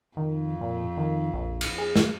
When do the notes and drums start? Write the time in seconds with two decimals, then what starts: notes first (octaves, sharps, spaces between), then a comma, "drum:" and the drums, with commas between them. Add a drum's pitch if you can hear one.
0.17 F2 D#3
0.61 A#2
0.97 D#3
1.34 A#1
1.61 drum: cymbal
1.78 G#4
1.96 drum: snare